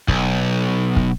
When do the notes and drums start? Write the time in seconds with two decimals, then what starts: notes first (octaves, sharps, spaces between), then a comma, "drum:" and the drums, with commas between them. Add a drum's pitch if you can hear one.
0.08 B1, drum: kick
0.96 drum: kick